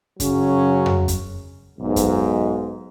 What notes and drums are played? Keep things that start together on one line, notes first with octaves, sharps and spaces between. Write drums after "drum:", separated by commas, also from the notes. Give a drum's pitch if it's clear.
F#2 C#3 F#3 C#4, drum: kick F#2, hi-hat
drum: tom F2
drum: kick F#2, hi-hat
B1 G#2
drum: kick F#2, hi-hat